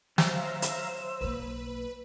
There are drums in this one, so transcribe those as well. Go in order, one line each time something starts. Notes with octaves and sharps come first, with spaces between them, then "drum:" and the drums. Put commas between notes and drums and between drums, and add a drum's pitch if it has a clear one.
F#3 C5 E5 F5 A#5 E6, drum: snare
drum: hi-hat
B1 A#3 B4